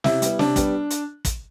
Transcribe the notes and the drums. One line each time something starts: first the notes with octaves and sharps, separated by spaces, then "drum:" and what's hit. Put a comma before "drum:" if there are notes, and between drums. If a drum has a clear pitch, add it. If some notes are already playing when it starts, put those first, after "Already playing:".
C3 E4, drum: snare
G3 B3, drum: hi-hat
C3 D4, drum: snare
G3 B3, drum: kick, hi-hat
drum: hi-hat
drum: kick, hi-hat